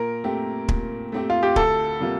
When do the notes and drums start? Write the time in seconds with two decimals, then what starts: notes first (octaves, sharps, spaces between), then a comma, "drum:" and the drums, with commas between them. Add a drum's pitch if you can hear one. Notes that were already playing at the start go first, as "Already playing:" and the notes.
Already playing: A#2 A#4
0.24 A3 C4 G4
0.69 A#2, drum: kick
1.12 A3 C4 G4
1.30 F4
1.43 G4
1.56 D2 A4, drum: kick
2.00 C3 G3 A#3 F4